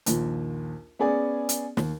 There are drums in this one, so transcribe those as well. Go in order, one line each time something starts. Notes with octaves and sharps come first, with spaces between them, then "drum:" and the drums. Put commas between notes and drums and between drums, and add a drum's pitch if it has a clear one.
A#1 D#2, drum: hi-hat
B3 C#4 G#4 D5 G#5
drum: hi-hat
D#2, drum: snare